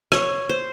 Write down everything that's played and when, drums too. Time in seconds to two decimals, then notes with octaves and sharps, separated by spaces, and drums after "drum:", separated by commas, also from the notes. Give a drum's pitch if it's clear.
0.12 C#5, drum: rim click
0.49 C5